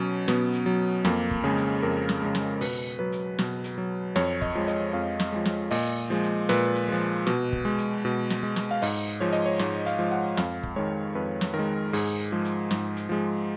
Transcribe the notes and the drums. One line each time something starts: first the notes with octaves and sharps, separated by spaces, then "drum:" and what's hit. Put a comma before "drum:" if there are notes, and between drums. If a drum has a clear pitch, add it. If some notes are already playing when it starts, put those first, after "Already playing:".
Already playing: B2 F#3 C#4
B2 B3, drum: snare
drum: hi-hat
F#3
F2 A#3, drum: snare
drum: kick
C#3 G#3 G#4
drum: hi-hat
F2 A#4
drum: snare
C#3 G#3
drum: snare
B2 B4, drum: open hi-hat
F#3 B4
drum: hi-hat
B2, drum: snare
drum: hi-hat
F#3
F2 C#5, drum: snare
D#5, drum: kick
F3 G#3
D#5, drum: hi-hat
F2 F5
drum: snare
F3 G#3
drum: snare
A#2 D#5, drum: open hi-hat
F3 G#3
drum: hi-hat
A#2 B4, drum: snare
drum: hi-hat
F3 G#3
B2, drum: snare
drum: kick
G#3
drum: hi-hat
B2
drum: snare
G#3
drum: snare
F5
G#2 D#5, drum: open hi-hat
F3 G#3 C#5
D#5, drum: hi-hat
C#5
G#2 C#5, drum: snare
F5, drum: hi-hat
F3 G#3
F#5
F2 F5, drum: snare
drum: kick
D#3 G#3 C#5
F2 B4
drum: snare
D#3 A#4
G#3
G#2 G#4, drum: open hi-hat
F3 G#3
drum: hi-hat
G#2, drum: snare
drum: hi-hat
F3 G#3